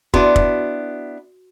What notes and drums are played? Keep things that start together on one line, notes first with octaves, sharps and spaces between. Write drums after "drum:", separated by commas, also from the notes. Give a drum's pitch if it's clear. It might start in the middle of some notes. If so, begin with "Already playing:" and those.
B3 D4 E4 F#4, drum: kick
drum: kick